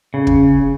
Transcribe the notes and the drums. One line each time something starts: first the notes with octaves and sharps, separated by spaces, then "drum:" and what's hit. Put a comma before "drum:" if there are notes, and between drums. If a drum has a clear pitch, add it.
C#3
drum: kick